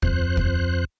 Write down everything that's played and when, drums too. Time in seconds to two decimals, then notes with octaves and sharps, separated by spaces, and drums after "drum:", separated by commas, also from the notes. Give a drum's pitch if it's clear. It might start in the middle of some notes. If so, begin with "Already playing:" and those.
0.02 F2 C5 F#6, drum: kick
0.37 drum: kick